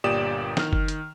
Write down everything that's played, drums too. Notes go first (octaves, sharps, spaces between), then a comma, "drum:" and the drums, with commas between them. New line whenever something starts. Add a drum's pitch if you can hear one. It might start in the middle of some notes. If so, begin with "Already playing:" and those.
G1 A#2 G4 D5 D#6 E7
D#3 F6, drum: snare
drum: kick F#1
drum: hi-hat